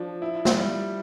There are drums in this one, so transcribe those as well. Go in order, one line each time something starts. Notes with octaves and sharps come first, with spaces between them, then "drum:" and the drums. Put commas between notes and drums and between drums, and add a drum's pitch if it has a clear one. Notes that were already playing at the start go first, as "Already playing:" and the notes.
Already playing: F3 D4
E4
drum: snare
G3